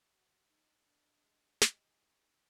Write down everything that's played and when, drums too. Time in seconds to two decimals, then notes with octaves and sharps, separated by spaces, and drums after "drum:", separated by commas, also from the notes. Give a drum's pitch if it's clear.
0.13 F#4
0.47 D#4
0.85 D4 D#5
1.24 G#3
1.62 D#4 G4 G#4, drum: snare